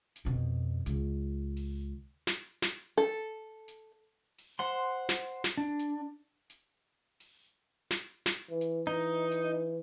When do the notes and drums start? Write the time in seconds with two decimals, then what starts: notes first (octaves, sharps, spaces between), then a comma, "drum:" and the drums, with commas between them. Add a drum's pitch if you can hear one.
0.16 drum: hi-hat
0.25 F2 B2
0.86 C#2, drum: hi-hat
1.57 drum: open hi-hat
2.27 drum: snare
2.62 drum: snare
2.97 A4, drum: hi-hat
3.68 drum: hi-hat
4.38 drum: open hi-hat
4.59 C5 F#5 C6
5.09 drum: snare
5.44 drum: snare
5.57 D4
5.79 drum: hi-hat
6.50 drum: hi-hat
7.20 drum: open hi-hat
7.91 drum: snare
8.26 drum: snare
8.50 E3
8.61 drum: hi-hat
8.87 E3 D#4
9.31 drum: hi-hat